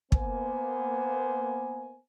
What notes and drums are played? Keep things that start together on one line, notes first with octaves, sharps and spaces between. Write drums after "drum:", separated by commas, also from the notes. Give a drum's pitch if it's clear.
A#3 B3 C5 G#5, drum: kick